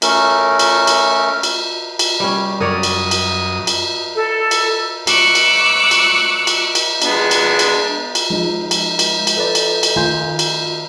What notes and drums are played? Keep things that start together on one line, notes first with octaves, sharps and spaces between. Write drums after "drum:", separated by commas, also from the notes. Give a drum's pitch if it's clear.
A3 C#4 A#4, drum: cymbal
drum: cymbal
drum: cymbal
drum: cymbal
drum: cymbal
G3 C#4
F#2 A#4 C#5 D5 D#6
drum: cymbal
drum: cymbal
drum: cymbal
A4
drum: cymbal
C#6 D6 E6 F#6, drum: cymbal
drum: cymbal
drum: cymbal
drum: cymbal
drum: cymbal
G#3 B3 D4, drum: cymbal
drum: cymbal
drum: cymbal
drum: cymbal
F3 G#3 D#4
drum: cymbal
drum: cymbal
drum: cymbal
A4 B4 D5
drum: cymbal
drum: cymbal
D#3 A3 F4 G#5 C6 G6
drum: cymbal